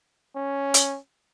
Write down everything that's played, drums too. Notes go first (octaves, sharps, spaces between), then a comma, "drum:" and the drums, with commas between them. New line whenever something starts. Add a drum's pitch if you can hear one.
C#4
drum: hi-hat